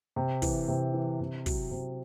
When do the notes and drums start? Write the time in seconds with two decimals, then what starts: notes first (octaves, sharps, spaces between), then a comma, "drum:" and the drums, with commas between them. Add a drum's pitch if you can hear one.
0.16 C3
0.42 E3, drum: kick, open hi-hat
0.68 C3
0.93 E3
1.20 C3
1.46 F#3, drum: kick, open hi-hat
1.71 C3